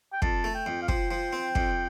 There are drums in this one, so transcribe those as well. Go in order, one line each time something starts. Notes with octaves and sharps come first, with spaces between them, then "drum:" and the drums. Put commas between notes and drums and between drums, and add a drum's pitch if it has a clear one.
G5
F2 A5, drum: kick
A3
G5
F2
F5
F3 G5, drum: kick
F3
C4
F2, drum: kick